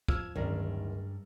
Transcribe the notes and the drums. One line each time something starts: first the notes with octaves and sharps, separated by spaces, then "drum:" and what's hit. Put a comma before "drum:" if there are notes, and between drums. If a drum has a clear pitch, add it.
F3 E6 F6 G#6, drum: kick
D1 G2 D#3 C#4 A#4 D5